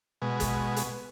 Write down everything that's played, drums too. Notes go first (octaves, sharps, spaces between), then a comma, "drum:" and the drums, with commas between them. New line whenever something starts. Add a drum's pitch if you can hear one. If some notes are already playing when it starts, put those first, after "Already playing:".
B2 G#3
drum: kick, hi-hat
drum: hi-hat